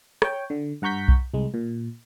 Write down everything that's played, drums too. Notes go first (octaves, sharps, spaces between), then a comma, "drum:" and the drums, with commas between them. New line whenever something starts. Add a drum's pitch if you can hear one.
C#5 G5, drum: rim click
D3
G2 F#5 A#5 C#6 G6 B6
drum: kick B1
C2 G#3
A#2